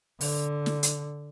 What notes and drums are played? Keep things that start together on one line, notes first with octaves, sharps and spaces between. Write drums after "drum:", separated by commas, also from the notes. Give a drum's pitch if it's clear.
D3, drum: open hi-hat
drum: snare
drum: hi-hat